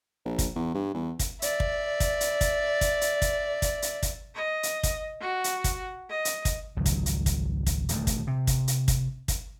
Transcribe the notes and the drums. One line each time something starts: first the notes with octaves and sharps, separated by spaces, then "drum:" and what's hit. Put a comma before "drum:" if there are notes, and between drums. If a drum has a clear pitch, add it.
A#1
drum: kick, hi-hat
E2
G2
E2
drum: kick, hi-hat
D5 E5, drum: hi-hat
drum: kick
drum: kick, hi-hat
drum: hi-hat
drum: kick, hi-hat
drum: kick, hi-hat
drum: hi-hat
drum: kick, hi-hat
drum: kick, hi-hat
drum: hi-hat
drum: kick, hi-hat
D#5
drum: hi-hat
drum: kick, hi-hat
F#4
drum: hi-hat
drum: kick, hi-hat
D#5
drum: hi-hat
drum: kick, hi-hat
G#1 C#2 F#3
drum: kick, hi-hat
drum: hi-hat
drum: kick, hi-hat
drum: kick, hi-hat
D#1 D2 F#3 A3, drum: hi-hat
drum: kick, hi-hat
C3
drum: kick, hi-hat
drum: hi-hat
drum: kick, hi-hat
drum: kick, hi-hat